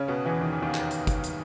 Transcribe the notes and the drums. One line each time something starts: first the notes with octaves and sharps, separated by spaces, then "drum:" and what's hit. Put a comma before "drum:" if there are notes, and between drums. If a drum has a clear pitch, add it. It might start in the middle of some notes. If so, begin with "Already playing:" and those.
Already playing: C#3 C#4
B2 B3
E2 E3
D#3
E3
D#2 D#3
drum: clap
drum: hi-hat
drum: kick, hi-hat
drum: hi-hat